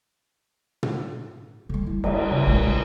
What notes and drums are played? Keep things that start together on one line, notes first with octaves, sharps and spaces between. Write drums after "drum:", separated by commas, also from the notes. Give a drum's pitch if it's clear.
drum: tom
D3 G3
E4
G3 D4, drum: cymbal
C#3
A#1 G#3
D3